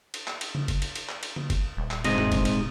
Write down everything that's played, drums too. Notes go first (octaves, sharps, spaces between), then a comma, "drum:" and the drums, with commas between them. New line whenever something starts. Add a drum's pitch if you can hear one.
drum: cymbal
drum: clap
drum: cymbal
drum: tom C#3
drum: kick F#1, cymbal
drum: cymbal
drum: cymbal
drum: clap
drum: cymbal
drum: tom C#3
drum: kick F#1, cymbal
D#1
drum: clap
G#2 C3 D#5, drum: cymbal
drum: tom F#2
drum: kick F#1, cymbal
drum: cymbal